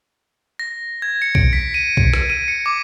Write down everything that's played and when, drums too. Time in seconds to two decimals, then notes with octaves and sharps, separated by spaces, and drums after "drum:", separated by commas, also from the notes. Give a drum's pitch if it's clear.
0.59 A#6
1.02 G#6
1.22 C#7
1.35 D7, drum: kick B1
1.53 B6
1.74 D#7
1.97 drum: kick B1
2.14 drum: rim click
2.30 D#7
2.48 C#7
2.66 D6